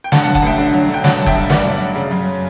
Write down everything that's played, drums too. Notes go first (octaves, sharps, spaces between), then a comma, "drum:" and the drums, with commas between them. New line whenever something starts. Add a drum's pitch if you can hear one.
G5
D3 F#5 A5, drum: snare
F#5 A5
F#3
F#5 A5, drum: kick F#1
A1 E5 G5
D3
F#3
D3 G5
F#3 F#5 A5, drum: snare
F#3 A5
E5 G5, drum: kick F#1
G2
G2 D5 F#5, drum: snare
F#3
F#3
C#3
F#2